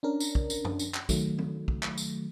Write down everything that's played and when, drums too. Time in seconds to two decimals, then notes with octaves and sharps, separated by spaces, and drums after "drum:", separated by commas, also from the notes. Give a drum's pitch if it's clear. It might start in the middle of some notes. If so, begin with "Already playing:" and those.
0.03 C#4 D4 A#4
0.20 drum: tambourine
0.35 drum: kick
0.50 drum: tambourine
0.65 drum: tom F#2
0.79 drum: tambourine
0.94 drum: clap
1.09 D#3 F#3 A3, drum: kick, tambourine
1.38 drum: tom F#3
1.68 drum: kick
1.83 drum: clap
1.97 drum: tambourine